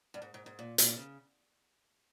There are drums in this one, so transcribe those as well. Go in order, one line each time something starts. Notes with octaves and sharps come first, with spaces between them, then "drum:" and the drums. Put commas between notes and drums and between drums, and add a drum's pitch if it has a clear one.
G2
G#2
G#2
G#2
A#2
A#2, drum: hi-hat
C#3